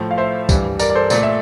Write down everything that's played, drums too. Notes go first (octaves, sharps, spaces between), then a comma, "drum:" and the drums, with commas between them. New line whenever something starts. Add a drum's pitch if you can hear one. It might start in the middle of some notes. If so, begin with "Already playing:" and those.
Already playing: A2 F3 A3
F5
C5 E5
G2 E3 G3, drum: kick C2, tambourine
A#4 D5, drum: tambourine
D5
A4 C5
A#2 A3 D5, drum: tambourine
E5